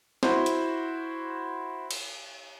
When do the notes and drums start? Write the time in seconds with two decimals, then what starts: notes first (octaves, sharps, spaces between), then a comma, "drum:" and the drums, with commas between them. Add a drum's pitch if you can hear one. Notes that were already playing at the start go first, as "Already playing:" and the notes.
0.23 E4 F#4 C5, drum: snare
0.46 drum: hi-hat
1.91 drum: cymbal